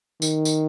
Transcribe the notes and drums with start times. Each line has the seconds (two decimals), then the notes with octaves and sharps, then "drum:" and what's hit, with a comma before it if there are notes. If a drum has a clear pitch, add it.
0.22 D#3, drum: tambourine
0.45 drum: tambourine